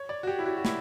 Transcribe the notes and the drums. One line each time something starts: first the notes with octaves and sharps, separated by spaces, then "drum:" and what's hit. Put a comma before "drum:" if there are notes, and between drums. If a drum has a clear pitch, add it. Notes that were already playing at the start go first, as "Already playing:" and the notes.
Already playing: C#5
D5
F#4
G4
E4
F#4
F#4
E4, drum: snare